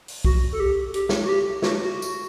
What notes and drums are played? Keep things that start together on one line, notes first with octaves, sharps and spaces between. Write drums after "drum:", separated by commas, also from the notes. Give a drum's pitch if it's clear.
drum: open hi-hat
F#4, drum: kick
A4
G4
G4, drum: hi-hat
drum: snare
F#4
G4
F#4, drum: snare
F#4
drum: tambourine